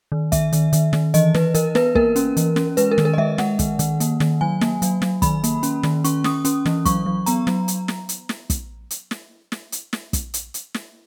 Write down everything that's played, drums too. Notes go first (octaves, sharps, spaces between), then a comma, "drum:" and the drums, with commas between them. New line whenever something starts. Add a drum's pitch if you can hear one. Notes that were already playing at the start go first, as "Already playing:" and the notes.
D#3
D#3 E5, drum: kick, hi-hat
D#3, drum: hi-hat
D#3, drum: hi-hat
D#3, drum: snare
E3 D#5, drum: hi-hat
E3 B4, drum: snare
E3 A#4, drum: hi-hat
B3 B4, drum: snare
A#3 A#4, drum: kick
C#4, drum: hi-hat
E3, drum: hi-hat
C#4, drum: snare
G#3 B4, drum: hi-hat
A#4
D#3, drum: snare
A#4
D#5
G#3 E5
G#3 F#5, drum: snare
D#3, drum: kick, hi-hat
D#3, drum: hi-hat
A#3, drum: hi-hat
D#3, drum: snare
F#3 G#5
A#3, drum: snare
F#3, drum: hi-hat
F#3, drum: snare
D#3 B5, drum: kick, hi-hat
A#3, drum: hi-hat
C#4, drum: hi-hat
D#3, drum: snare
C#4 C#6, drum: hi-hat
C#4 D#6, drum: snare
C#4, drum: hi-hat
E3, drum: snare
F#3 C#6, drum: kick, hi-hat
F#3
B3 A#5, drum: hi-hat
F#3, drum: snare
drum: hi-hat
drum: snare
drum: hi-hat
drum: snare
drum: kick, hi-hat
drum: hi-hat
drum: snare
drum: snare
drum: hi-hat
drum: snare
drum: kick, hi-hat
drum: hi-hat
drum: hi-hat
drum: snare